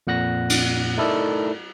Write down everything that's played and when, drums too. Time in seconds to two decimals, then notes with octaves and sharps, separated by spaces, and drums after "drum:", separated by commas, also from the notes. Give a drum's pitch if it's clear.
0.07 F2 A#2 F#5 F#6 A#6
0.50 drum: cymbal
0.97 A3 D#4 E4 A4 A#4 D5